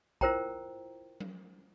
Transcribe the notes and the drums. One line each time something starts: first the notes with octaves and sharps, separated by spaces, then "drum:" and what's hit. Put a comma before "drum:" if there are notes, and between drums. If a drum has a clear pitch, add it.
E4 F4 A#4 C5 G5 A#5, drum: kick
drum: tom F#3